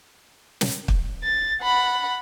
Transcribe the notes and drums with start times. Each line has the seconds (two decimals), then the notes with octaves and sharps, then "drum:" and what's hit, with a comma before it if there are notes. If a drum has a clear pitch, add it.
0.61 drum: snare
0.88 drum: kick
1.23 A6
1.62 F#5 B5